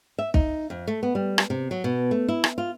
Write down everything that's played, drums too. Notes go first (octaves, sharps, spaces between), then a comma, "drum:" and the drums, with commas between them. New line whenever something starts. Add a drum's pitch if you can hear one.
E5
D#4, drum: kick
F2
A3
B3
G3
drum: rim click
C3
F#3
B2
A3
E4
drum: rim click
F4